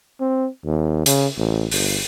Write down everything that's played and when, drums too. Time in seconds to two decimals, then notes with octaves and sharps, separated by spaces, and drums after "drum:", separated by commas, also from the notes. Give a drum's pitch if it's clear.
0.20 C4
0.64 D#2
1.06 C#3, drum: hi-hat
1.37 A1
1.71 G1, drum: open hi-hat